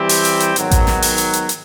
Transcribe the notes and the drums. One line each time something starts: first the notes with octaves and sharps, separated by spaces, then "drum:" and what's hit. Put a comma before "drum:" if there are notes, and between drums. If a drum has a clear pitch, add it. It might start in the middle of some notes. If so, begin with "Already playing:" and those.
Already playing: E3 G3 C4 E4 G4
drum: open hi-hat
drum: hi-hat
drum: hi-hat
G#2 D#3 F#3 B3, drum: hi-hat
drum: kick A1, hi-hat
drum: snare
drum: open hi-hat
drum: hi-hat
drum: hi-hat
drum: hi-hat